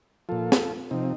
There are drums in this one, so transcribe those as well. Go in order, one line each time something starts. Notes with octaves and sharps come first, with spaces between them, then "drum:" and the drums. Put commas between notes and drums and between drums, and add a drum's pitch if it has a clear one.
A#2 F3 F4 A4
drum: snare
C3 F3 C4 D#4